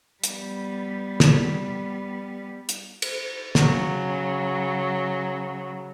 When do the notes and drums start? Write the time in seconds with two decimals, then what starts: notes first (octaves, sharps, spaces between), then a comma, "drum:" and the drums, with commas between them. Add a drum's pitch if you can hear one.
0.24 G3 B3, drum: hi-hat
1.20 drum: snare
2.69 drum: hi-hat
3.02 drum: cymbal
3.55 C#3 F#3, drum: snare